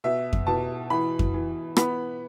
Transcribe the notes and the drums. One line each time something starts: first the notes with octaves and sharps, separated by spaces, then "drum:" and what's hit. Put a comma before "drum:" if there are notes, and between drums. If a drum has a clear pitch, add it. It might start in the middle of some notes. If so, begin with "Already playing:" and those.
B2 E5
drum: kick F2
B2 A5
E3 B5
drum: kick F2
E3
B3 B5, drum: rim click